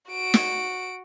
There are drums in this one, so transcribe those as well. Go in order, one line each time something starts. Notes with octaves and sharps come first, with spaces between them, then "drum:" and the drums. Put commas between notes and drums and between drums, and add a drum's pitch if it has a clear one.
F#4 D7
drum: snare